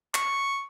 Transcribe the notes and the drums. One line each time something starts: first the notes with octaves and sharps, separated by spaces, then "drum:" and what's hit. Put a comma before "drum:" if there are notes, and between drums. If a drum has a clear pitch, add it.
C#6, drum: clap